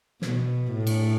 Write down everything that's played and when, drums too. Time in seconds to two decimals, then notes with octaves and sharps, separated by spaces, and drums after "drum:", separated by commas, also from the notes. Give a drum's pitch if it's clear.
0.22 B2, drum: snare
0.76 A2
0.87 drum: cymbal